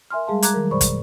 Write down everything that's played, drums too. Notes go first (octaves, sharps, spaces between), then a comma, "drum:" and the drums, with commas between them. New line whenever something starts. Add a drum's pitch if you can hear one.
A#4 E5 G#5 C6 F6
G3 G#3 G#4 F5 A5 C6
A#5 D6 F#6 G#6, drum: hi-hat
D#3 F#3 G3 A#4
F#2 B2 C5 D5 B5 C#6
drum: kick, hi-hat